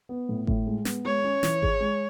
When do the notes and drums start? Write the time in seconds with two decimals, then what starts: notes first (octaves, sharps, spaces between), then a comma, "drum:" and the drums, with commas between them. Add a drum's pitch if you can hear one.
0.09 B3
0.29 A2
0.47 A2, drum: kick G#1
0.67 G#3
0.85 B3, drum: snare
1.05 G#3 C#5
1.24 C#4
1.43 E3, drum: snare
1.63 G#4, drum: kick G#1
1.80 G#3